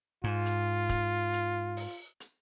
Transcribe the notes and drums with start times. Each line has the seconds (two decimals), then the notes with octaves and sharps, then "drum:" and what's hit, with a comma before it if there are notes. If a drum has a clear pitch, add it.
0.24 G#2 F4
0.46 drum: hi-hat
0.89 drum: kick, hi-hat
1.33 drum: hi-hat
1.77 drum: open hi-hat
2.20 drum: hi-hat